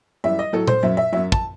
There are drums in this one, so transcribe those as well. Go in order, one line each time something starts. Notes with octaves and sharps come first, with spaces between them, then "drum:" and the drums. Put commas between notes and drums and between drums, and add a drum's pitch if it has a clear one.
F#2 E3 G3 E5
D#5
A2 F#3 A4
C5, drum: tom A#2
F#2 F#3 E5
E5
F#2 F#3 E5
A5, drum: kick